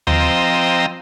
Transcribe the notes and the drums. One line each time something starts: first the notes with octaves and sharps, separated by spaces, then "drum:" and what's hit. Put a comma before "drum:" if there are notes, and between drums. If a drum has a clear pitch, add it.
F3 C4 D#5 G5 A#5 E6, drum: tom D#2